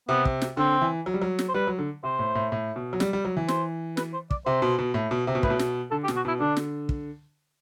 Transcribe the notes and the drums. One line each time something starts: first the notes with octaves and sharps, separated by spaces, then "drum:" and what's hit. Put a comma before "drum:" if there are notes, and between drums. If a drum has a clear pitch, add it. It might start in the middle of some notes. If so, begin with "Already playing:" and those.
C3 B3
drum: kick
drum: snare
D3 C4
E3
F#3
G3
F#3
drum: snare
C5
G3 B4
F#3
D3
C3 C5
A2
A2
A2
B2
F#3
G3, drum: snare
G3
F#3
E3
C5, drum: snare
B4, drum: snare
C5
D5, drum: kick
C3 C5
B2
B2
A2
B2
C3
B2
A2 B4, drum: kick
B2
drum: snare
D3 A4
G4
B2, drum: snare
F#4
B2 E4
D3 D4
drum: snare
drum: kick